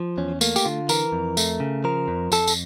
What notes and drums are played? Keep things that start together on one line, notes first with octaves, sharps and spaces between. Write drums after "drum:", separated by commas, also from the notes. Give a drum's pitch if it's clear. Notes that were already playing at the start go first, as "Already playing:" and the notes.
Already playing: F3
E2 C#4
A3 A#3, drum: tambourine
G4, drum: tambourine
D3 F4
E3 A#4, drum: tambourine
F2
A3, drum: tambourine
C#3
F3 A#4
F2
F2 A4, drum: tambourine
drum: tambourine